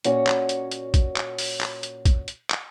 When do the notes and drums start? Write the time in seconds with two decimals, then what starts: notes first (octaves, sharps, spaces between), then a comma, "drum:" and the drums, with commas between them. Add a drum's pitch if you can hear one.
0.05 A#2 C#4 F#4 C#5, drum: hi-hat
0.27 drum: clap
0.49 drum: hi-hat
0.72 drum: hi-hat
0.94 drum: kick, hi-hat
1.16 drum: clap
1.38 drum: open hi-hat
1.61 drum: clap
1.83 drum: hi-hat
2.05 drum: kick, hi-hat
2.28 drum: hi-hat
2.50 drum: clap